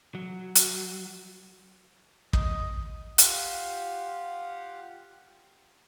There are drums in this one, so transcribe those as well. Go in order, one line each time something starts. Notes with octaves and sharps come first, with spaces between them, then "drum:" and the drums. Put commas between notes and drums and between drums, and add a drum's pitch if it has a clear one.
F#3
drum: hi-hat
D#5, drum: kick
F4 G4 F5 F#5, drum: hi-hat